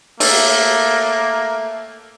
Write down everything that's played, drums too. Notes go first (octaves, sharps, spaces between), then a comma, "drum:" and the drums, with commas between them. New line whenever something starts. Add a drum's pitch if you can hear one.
A3 A#3, drum: open hi-hat